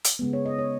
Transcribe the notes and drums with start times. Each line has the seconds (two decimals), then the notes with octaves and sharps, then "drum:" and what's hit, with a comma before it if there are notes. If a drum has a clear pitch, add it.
0.04 drum: hi-hat
0.19 C#3 G#3 B3
0.33 C#5
0.46 D#5
0.59 C#5